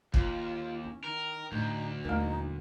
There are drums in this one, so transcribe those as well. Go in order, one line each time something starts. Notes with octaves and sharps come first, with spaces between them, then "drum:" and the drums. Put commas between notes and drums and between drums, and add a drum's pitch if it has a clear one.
D#2 F4, drum: kick
C#4 E4
D#3 A#4
D2 A2 D#4
D#1 A3 D#4 E4 A#4